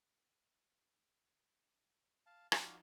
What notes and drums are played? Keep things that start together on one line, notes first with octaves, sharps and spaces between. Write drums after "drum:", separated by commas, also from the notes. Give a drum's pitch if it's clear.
F5 A5
F3 D#4 F#4 D5 F5, drum: rim click